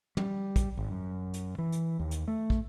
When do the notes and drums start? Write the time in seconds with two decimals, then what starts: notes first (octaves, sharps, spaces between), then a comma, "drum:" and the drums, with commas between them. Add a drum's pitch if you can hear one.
0.17 G3, drum: tom
0.56 drum: kick, hi-hat
0.77 G#1
0.90 F#2
1.33 drum: hi-hat
1.58 E3
1.72 drum: hi-hat
2.00 D#2
2.11 drum: hi-hat
2.28 A3
2.50 drum: kick